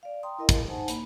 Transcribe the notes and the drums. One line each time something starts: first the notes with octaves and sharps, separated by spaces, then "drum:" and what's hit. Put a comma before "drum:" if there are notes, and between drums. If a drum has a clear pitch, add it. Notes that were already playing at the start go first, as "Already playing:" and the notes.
D5 F5
G5 A#5 C6 D#6
E4 A#4 D#5 F5
drum: kick, hi-hat
D#4 C5 F#5 G#5 A5
A#3 B5, drum: hi-hat